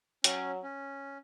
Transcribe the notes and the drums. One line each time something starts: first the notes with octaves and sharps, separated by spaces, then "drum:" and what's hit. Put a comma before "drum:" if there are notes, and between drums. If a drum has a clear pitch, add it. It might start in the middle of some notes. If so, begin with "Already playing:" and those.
F#3 C#4, drum: hi-hat
C#4